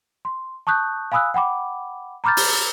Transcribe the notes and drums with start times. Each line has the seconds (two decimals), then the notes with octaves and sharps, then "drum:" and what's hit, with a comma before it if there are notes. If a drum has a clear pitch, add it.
0.25 C6
0.67 A5 C#6 D#6 F#6 G6
1.12 F5 G#5 B5 D#6 E6 F#6
1.34 F#5 G5 B5 D6
2.24 A#5 B5 D6 F6 G6 A6
2.37 drum: open hi-hat